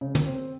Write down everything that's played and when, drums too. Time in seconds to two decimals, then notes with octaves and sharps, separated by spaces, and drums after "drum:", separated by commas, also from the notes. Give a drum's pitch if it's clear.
0.01 C#3
0.15 drum: tom
0.26 C4